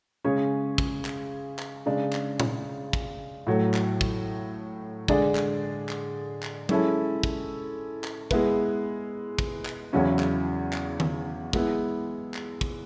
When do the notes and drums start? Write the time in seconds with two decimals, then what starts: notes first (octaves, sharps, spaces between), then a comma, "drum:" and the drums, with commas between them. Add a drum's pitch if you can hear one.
0.24 C#3 G#3 C#4 G#4 C#5
0.78 drum: kick
1.05 drum: clap
1.59 drum: clap
1.86 C#3 G#3 D4
2.13 drum: clap
2.40 drum: tom A#2
2.93 drum: kick
3.47 A2 F#3 A3
3.74 drum: clap
4.01 drum: kick
5.08 D3 G#3 D4 G#4 D5, drum: kick
5.35 drum: clap
5.89 drum: clap
6.43 drum: clap
6.69 G#3 C#4 E4 A4, drum: tom F#3
7.23 drum: kick
8.04 drum: clap
8.31 G#3 B3 E4 B4, drum: kick
9.39 drum: kick
9.65 drum: clap
9.93 E2 C#3 F#3 C#4 E4
10.19 drum: clap
10.73 drum: clap
11.00 drum: tom D#3
11.53 G#3 B3 E4, drum: kick
12.34 drum: clap
12.61 drum: kick